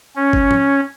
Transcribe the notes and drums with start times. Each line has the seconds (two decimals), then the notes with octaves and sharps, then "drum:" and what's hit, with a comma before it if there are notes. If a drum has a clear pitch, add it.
0.16 C#4
0.33 drum: kick G1
0.51 drum: tom